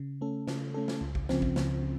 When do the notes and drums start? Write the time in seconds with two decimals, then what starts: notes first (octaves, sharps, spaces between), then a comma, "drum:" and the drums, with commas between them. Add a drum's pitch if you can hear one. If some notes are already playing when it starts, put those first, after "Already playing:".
Already playing: C#3
0.21 A3 C#4 A4
0.47 C#3, drum: snare
0.74 A3 C#4 A4
0.88 drum: snare
1.01 C#2
1.15 drum: kick A1
1.29 C#3 F3 C4, drum: snare
1.42 drum: kick A1
1.56 C#2, drum: snare
1.82 C#3